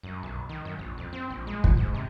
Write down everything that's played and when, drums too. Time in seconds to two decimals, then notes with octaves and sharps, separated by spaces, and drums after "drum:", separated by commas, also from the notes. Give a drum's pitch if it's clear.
0.03 F#2
0.23 B1
0.49 D#3
0.65 F#2
0.79 A#1
0.98 F2
1.13 C4
1.30 A#1
1.47 G#3
1.64 D#1, drum: kick
1.77 G#2
1.94 C3